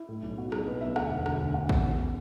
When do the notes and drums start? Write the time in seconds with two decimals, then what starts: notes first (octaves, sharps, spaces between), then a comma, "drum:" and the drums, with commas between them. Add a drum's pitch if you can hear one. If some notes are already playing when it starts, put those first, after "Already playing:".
Already playing: E4
0.09 A2
0.22 B1
0.37 B2 F#4
0.52 B1 G#4, drum: rim click
0.66 B2 B4
0.81 B1 E5
0.96 D2 F#5, drum: rim click
1.11 E1
1.26 D3, drum: rim click
1.40 D2
1.54 D3 F#5
1.69 E2, drum: kick
1.84 C#3